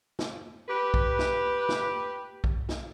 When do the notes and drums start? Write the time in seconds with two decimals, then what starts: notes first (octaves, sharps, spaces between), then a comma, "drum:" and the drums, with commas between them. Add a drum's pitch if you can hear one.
0.19 drum: snare
0.69 G4 B4
0.94 drum: kick B1
1.19 drum: snare
1.69 drum: snare
2.44 drum: kick B1
2.69 drum: snare